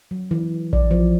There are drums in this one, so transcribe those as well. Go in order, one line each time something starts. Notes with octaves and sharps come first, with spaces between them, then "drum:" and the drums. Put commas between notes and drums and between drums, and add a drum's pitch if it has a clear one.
F#3
E3
D5, drum: kick A#1
F3